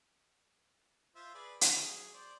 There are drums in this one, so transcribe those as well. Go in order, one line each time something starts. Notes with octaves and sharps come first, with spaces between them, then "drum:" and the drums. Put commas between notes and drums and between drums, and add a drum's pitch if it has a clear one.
F4 C5 E5
G#4 B4 D5
F#3 G#4, drum: hi-hat
C5 D5